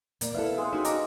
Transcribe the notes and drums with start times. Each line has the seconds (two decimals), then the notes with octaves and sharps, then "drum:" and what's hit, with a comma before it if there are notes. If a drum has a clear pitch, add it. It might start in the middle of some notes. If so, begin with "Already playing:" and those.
0.21 A#2 A#3 D5, drum: hi-hat
0.34 B3 E4 A4 F5
0.58 G#3 C4
0.73 C#4 D#4 F#4
0.85 D#5 A#5 D6, drum: hi-hat